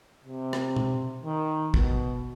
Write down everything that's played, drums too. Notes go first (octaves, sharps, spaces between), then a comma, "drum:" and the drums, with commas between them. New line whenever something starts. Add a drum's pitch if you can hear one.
C3
drum: rim click
drum: tom B2
D#3
B2, drum: kick